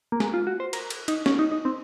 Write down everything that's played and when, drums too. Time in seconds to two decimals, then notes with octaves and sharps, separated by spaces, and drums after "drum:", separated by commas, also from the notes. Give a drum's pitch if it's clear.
0.12 A#3
0.20 G#3, drum: snare
0.34 F4
0.47 F#4
0.60 C5
0.73 A#4, drum: cymbal
0.90 drum: cymbal
1.08 D#4, drum: cymbal
1.26 C#4, drum: snare
1.39 D#4
1.52 D#4
1.65 C4